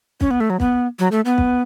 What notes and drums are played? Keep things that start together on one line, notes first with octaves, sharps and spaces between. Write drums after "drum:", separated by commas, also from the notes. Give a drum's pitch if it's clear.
C#4, drum: kick
B3
A3
F#3
B3, drum: kick
F#3
A3
B3
drum: kick